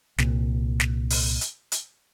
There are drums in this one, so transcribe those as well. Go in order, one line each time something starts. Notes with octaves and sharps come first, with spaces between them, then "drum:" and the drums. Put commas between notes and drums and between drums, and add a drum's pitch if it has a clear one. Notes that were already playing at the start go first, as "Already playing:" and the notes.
C2 A#2, drum: snare
drum: snare
drum: open hi-hat
drum: hi-hat
drum: hi-hat